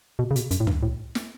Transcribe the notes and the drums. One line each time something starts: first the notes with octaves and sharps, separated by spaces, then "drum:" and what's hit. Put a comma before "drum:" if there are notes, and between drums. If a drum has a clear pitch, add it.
B2
C#3
B2, drum: hi-hat
F#2, drum: hi-hat
A2
G2, drum: tom C#2
A2
drum: snare